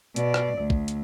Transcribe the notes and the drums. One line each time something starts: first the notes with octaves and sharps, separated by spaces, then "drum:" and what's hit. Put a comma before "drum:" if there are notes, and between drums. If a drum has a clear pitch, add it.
B2 D5, drum: hi-hat
drum: rim click
D2
drum: kick
drum: hi-hat